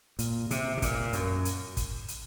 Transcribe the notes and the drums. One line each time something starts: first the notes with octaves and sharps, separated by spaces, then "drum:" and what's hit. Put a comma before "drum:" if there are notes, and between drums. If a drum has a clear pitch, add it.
A#2, drum: hi-hat
C3, drum: hi-hat
C3
A#2, drum: kick, hi-hat
F#2, drum: hi-hat
drum: hi-hat
drum: kick, hi-hat
drum: hi-hat